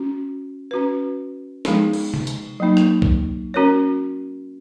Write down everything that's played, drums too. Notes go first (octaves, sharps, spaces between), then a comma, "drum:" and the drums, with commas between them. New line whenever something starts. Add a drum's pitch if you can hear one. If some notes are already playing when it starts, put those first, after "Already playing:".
Already playing: C#4 F#4
C#4 F#4 B4
F3 G#3 B3 D#4 G#4, drum: snare
drum: cymbal
drum: tom C3
drum: hi-hat
F#3 A#3 D#4
drum: rim click
drum: kick B1
C#4 F#4 A#4 C#5